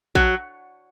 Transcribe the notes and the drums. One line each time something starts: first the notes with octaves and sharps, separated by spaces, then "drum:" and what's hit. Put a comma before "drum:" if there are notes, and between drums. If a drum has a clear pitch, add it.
F#3, drum: kick A#1